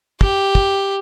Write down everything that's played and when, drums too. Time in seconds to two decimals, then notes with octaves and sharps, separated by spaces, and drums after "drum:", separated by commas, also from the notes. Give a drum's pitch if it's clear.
0.21 G4, drum: kick
0.55 drum: kick